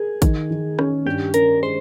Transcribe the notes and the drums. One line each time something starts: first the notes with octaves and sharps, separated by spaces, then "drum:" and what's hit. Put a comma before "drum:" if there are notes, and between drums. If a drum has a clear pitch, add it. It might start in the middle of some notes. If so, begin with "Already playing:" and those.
Already playing: G#4 A#4
D#3, drum: kick, hi-hat
D#3
C#4, drum: rim click
G2 G4
C#4 A#4, drum: hi-hat
G#3 C5